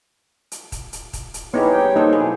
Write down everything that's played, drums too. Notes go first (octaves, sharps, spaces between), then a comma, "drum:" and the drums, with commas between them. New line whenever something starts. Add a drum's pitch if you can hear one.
drum: hi-hat
drum: kick, hi-hat
drum: hi-hat
drum: kick, hi-hat
drum: hi-hat
B3 D#4 E4 G4 G#4 C#5
G3 G4 G5
A#3 D#4 A4 C5
B2 F#3 E4 G#4